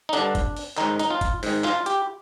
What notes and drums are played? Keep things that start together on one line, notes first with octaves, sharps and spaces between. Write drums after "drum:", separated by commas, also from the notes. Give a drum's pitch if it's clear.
D#4
G2 D3 D4, drum: hi-hat
drum: kick, hi-hat
drum: open hi-hat
G#2 D#3 D#4, drum: clap
D#4, drum: hi-hat
F4
drum: kick, hi-hat
G#2 D#3, drum: open hi-hat
F4, drum: clap
G4, drum: hi-hat